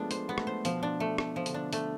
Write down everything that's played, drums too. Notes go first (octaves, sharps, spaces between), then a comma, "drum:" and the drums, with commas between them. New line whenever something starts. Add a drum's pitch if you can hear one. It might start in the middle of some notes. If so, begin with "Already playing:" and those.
Already playing: F3 G#3 A3 B3 D4
A3 C5, drum: hi-hat
G#3 B3
A3, drum: rim click
C5
B2 F3, drum: hi-hat
D4
A3
B2 A3, drum: rim click
F3
D3, drum: hi-hat
D4
A3, drum: hi-hat